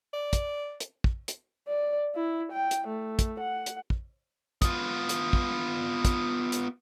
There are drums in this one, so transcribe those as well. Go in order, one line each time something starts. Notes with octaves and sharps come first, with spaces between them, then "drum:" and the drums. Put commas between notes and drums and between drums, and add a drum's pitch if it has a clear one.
D5
drum: kick, hi-hat
drum: hi-hat
drum: kick
drum: hi-hat
D5
E4
G5
drum: hi-hat
A3
drum: kick, hi-hat
F#5
drum: hi-hat
drum: kick
B3 F4, drum: kick, hi-hat
drum: hi-hat
drum: kick
drum: kick, hi-hat
drum: hi-hat